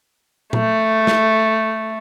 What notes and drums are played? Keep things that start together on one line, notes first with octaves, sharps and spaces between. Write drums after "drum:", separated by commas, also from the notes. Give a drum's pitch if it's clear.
A3, drum: tom A#2
drum: snare